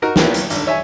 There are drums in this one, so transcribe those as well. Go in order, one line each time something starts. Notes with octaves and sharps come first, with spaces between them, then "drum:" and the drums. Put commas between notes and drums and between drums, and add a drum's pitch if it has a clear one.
D#4 F#4 A#4
D#3 F3 A#3 B3 E4, drum: snare
drum: hi-hat
G#1 D3, drum: hi-hat
C#5 E5 G#5